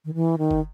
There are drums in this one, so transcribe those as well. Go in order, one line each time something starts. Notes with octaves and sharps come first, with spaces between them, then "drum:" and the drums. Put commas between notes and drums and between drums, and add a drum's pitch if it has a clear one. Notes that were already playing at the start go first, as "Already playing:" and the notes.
D#3
E3
D#3
drum: kick